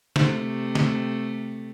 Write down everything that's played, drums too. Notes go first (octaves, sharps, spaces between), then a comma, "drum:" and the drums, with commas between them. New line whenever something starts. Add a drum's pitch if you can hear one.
C3 A3, drum: snare
drum: snare